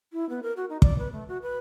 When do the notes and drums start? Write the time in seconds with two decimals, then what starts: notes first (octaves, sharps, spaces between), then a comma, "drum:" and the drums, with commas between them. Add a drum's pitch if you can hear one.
0.13 E4
0.30 B3
0.43 A#4
0.57 F#4
0.70 D#4
0.82 D5, drum: kick
0.98 B4
1.12 A3
1.28 F#4
1.42 B4